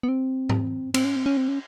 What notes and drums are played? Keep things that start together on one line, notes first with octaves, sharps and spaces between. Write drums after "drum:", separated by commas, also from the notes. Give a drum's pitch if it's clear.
B3
C4
drum: tom G#2
C4, drum: cymbal
C#4
C4
C#4
C4
C#4